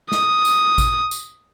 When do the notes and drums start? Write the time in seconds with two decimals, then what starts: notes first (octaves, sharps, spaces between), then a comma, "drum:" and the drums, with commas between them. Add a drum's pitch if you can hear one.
0.12 D#6, drum: snare
0.45 drum: tambourine
0.78 drum: kick A1, tambourine
1.11 drum: tambourine